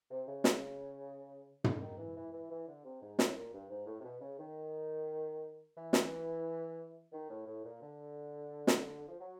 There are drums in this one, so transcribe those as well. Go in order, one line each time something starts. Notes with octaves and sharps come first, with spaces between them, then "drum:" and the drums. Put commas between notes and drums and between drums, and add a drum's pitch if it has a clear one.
C3
C#3
drum: snare
D3, drum: tom
D#3
E3
E3
E3
E3
D3
C3
G#2
A2, drum: snare
A#2
G2
G#2
A2
C3
B2
C#3
D#3
E3
drum: snare
D#3
A2
A2
A#2
D3
drum: snare
F3
F#3